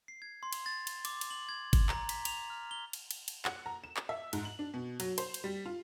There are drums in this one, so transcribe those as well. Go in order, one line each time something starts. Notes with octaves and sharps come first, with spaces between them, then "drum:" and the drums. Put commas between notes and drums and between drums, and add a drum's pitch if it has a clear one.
C7
G#6
C6
drum: cymbal
A6
drum: cymbal
D6, drum: cymbal
drum: cymbal
F#7
G#6
drum: kick G1, cymbal
A#5, drum: clap
B6, drum: cymbal
F7, drum: cymbal
F6
G7
drum: cymbal
drum: cymbal
drum: cymbal
F#5, drum: clap
A#5
E7
drum: clap
E5
G#2, drum: cymbal
F#7
D4
B2
F#3, drum: cymbal
C5, drum: cymbal
drum: cymbal
G3
F4